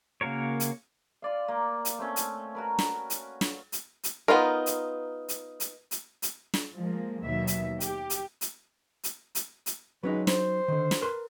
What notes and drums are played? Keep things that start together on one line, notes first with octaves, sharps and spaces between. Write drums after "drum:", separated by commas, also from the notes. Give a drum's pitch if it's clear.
C#3 A#3 F#4 A#4 C#5
drum: hi-hat
F4 D5 F5
A#3
drum: hi-hat
A3 C4 C#4
drum: hi-hat
F#4 A#4 B4
drum: snare
drum: hi-hat
drum: snare
drum: hi-hat
drum: hi-hat
B3 D#4 F4 A#4
drum: hi-hat
drum: hi-hat
drum: hi-hat
drum: hi-hat
drum: hi-hat
drum: snare
F3 G#3 A#3
D#2 B2 D#3 F#3 E5
drum: hi-hat
G4, drum: hi-hat
drum: hi-hat
drum: hi-hat
drum: hi-hat
drum: hi-hat
drum: hi-hat
F#3 G#3 C#4 D#4 B4
C5, drum: snare
D3 D#3
drum: snare
A#4 B4 C6